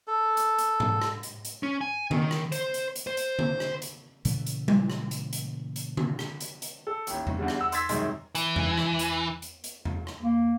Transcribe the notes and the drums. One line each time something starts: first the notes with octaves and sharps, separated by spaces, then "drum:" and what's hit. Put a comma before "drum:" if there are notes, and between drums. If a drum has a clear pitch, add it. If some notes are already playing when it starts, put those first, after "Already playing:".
A4
drum: hi-hat
drum: hi-hat
drum: tom G#2
drum: rim click
drum: hi-hat
drum: hi-hat
C#4
G#5
D#3, drum: tom D3
drum: rim click
C5, drum: hi-hat
drum: hi-hat
drum: hi-hat
C5
drum: hi-hat
drum: tom D3
drum: rim click
drum: hi-hat
A#2 C#3 E3 A3, drum: hi-hat
drum: hi-hat
drum: tom G3
drum: rim click
drum: hi-hat
drum: hi-hat
drum: hi-hat
drum: tom D3
drum: rim click
drum: hi-hat
drum: hi-hat
A4
A1 D#2, drum: hi-hat
drum: tom E2
E2 D3 G3
drum: rim click
F#5 E6
C6 E6 G#6 A6 B6, drum: hi-hat
C2 F#2 D#3 G#3 C6, drum: hi-hat
E3, drum: hi-hat
drum: tom E2
drum: rim click
drum: hi-hat
drum: hi-hat
drum: hi-hat
drum: tom E2
drum: rim click
A#3